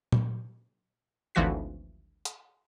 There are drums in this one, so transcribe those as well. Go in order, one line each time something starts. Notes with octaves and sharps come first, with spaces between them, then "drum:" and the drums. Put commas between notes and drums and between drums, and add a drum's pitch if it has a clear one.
drum: tom A#2
G#1 D2 E3 F3 F#4 B6
drum: hi-hat